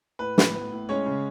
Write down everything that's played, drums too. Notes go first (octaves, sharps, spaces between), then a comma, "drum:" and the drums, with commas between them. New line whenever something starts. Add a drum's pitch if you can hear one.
A2 B4
A2, drum: snare
B3
A2
G#3 C#4 C#5
C#3